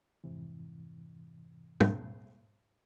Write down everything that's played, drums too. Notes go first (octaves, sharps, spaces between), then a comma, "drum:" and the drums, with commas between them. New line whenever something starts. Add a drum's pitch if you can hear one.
F2 G#2 C3 E3
drum: tom